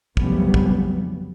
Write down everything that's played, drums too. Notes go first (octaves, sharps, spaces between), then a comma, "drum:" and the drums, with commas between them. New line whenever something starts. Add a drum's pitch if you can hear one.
F1 C#3 F#3 G3 B3, drum: kick
drum: kick